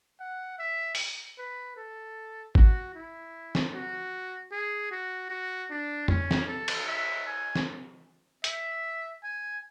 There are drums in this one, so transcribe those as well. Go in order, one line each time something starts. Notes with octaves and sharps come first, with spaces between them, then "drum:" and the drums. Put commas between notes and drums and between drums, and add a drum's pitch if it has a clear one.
F#5
E5
drum: open hi-hat
B4
A4
F#4, drum: kick G#1
E4
drum: snare
F#4
G#4
F#4
F#4
D4
C#4, drum: tom
drum: snare
A4
drum: cymbal
E5
G#5
drum: snare
E5, drum: hi-hat
G#5